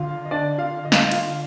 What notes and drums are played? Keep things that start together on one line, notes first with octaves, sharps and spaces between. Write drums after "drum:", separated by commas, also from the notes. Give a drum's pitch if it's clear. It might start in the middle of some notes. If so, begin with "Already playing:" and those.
Already playing: D3 F4 F5
D#5
D4 D5
F4 F5
D#5
F5, drum: snare
D#4 D#5
F4 F5, drum: cymbal